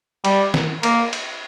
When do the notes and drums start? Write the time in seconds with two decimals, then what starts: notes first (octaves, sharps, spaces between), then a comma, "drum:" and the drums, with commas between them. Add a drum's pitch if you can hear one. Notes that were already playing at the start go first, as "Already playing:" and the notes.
0.25 G3, drum: cymbal
0.54 drum: snare
0.83 A#3, drum: cymbal
1.13 drum: cymbal